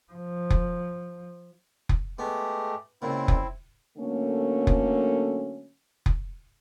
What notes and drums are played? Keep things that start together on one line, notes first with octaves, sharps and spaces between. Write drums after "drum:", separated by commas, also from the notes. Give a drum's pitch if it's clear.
F3
drum: kick F1
drum: kick F1
G#3 A3 B3 G4
C#2 A#2 C4 E4
drum: kick F1
D3 F#3 A3 A#3 C#4
drum: kick F1
drum: kick F1